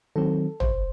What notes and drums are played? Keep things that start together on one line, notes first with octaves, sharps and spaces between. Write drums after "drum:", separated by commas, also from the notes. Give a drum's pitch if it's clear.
D#3 F#3 C4 A4
C5, drum: tom